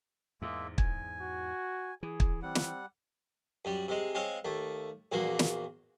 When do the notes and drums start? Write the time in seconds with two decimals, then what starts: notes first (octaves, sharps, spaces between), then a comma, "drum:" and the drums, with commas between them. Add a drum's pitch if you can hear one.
0.42 E2 G#2 G#3 A#3 E5
0.78 G#5, drum: kick
1.21 F#4
2.03 E3 G#4
2.20 drum: kick
2.42 G3 C4 F#5
2.55 drum: snare
3.65 F#2 G3
3.88 C3 G#3
4.15 G#3 C4 C#5 F5
4.45 D#2 A3
5.12 A#1 E2 A#3 F#4 C6
5.39 drum: snare